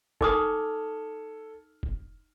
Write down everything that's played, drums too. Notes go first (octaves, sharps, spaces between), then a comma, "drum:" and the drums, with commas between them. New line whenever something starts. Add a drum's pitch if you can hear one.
D#4 A4 G#5 D6 D#6 F6, drum: kick F1
drum: kick F1